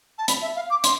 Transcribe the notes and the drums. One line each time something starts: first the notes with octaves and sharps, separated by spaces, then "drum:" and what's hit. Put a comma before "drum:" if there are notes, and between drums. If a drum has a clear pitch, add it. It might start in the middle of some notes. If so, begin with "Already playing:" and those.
A5
B5, drum: hi-hat
E5
F5
D6
C6, drum: hi-hat